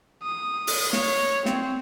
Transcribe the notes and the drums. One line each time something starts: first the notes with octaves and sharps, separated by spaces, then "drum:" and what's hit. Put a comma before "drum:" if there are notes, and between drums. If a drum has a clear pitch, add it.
D#6
drum: open hi-hat
C#5, drum: snare
C4, drum: snare